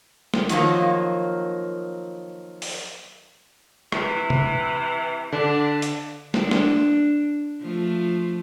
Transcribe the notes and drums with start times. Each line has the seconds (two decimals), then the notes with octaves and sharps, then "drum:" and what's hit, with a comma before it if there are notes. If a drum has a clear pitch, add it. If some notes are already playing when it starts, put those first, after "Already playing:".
0.34 drum: snare
0.49 D#3 F3 F#3 A#3, drum: hi-hat
2.62 drum: open hi-hat
3.92 C3 E3, drum: rim click
4.30 drum: tom
5.32 D3 D4
5.82 drum: hi-hat
6.34 D4, drum: snare
6.51 drum: snare
7.61 F3 A3